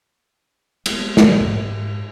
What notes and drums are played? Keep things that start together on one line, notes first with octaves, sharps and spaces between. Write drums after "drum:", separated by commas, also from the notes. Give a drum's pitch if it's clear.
G#3 A#3 B3, drum: cymbal
drum: snare
G#2